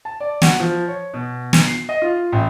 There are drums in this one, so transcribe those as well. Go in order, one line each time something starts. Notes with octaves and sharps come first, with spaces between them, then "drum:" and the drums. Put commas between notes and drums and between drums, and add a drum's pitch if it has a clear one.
A5
D5
F#4, drum: snare
F3
C#5
B2
drum: snare
C7
D#5
F4
A1